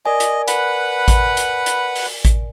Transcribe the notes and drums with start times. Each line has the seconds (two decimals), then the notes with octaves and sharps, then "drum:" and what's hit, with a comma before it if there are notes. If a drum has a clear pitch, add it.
0.06 A#4 D5 D#5 G#5
0.20 drum: hi-hat
0.48 B4 F#5 B5, drum: hi-hat
1.08 drum: kick A1, hi-hat
1.37 drum: hi-hat
1.66 drum: hi-hat
1.95 drum: open hi-hat
2.25 drum: kick A1, hi-hat